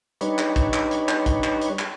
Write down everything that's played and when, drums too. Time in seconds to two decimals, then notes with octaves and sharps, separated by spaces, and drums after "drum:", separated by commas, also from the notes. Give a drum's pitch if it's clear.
0.21 G3 D4 D#4 B4 C#5, drum: hi-hat
0.38 drum: clap
0.56 drum: kick, hi-hat
0.74 drum: clap
0.91 drum: hi-hat
1.09 drum: clap
1.26 drum: kick, hi-hat
1.44 drum: clap
1.61 drum: hi-hat
1.79 drum: clap